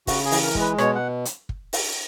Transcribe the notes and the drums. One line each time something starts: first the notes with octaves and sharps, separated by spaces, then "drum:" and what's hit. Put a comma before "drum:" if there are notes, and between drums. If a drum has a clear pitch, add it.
C#3 F#4, drum: kick, open hi-hat
G#4
E3, drum: open hi-hat
A#4
G#3, drum: kick
B4
B2 C#5, drum: rim click
F#5
drum: hi-hat
drum: kick
drum: open hi-hat